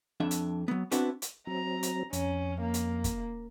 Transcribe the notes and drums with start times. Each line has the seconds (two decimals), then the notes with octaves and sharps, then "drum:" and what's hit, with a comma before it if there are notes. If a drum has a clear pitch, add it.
0.20 F2 D4 E5
0.31 drum: hi-hat
0.68 F#3 B3
0.91 B3 C4 D4 E4 F#4, drum: hi-hat
1.22 drum: hi-hat
1.47 F#3 C4 A#5
1.83 drum: hi-hat
2.13 F2 C#4, drum: hi-hat
2.61 A#3
2.74 drum: hi-hat
3.04 drum: kick, hi-hat